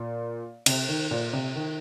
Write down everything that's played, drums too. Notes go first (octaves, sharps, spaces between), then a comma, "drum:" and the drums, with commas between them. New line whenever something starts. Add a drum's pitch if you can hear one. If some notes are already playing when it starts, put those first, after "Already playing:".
Already playing: A#2
C3, drum: cymbal
D#3
A#2
C3
D#3